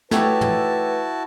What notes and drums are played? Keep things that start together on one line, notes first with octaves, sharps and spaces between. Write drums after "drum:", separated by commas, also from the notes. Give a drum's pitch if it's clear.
A3 D#4 E4 F#4 G4 B4 C#5 A5, drum: snare
drum: tom